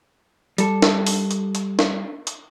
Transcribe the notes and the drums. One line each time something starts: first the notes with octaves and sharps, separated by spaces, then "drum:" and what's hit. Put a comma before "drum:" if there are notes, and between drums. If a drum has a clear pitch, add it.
G3 A4, drum: hi-hat
drum: snare
drum: open hi-hat
drum: hi-hat
drum: hi-hat
drum: snare
drum: hi-hat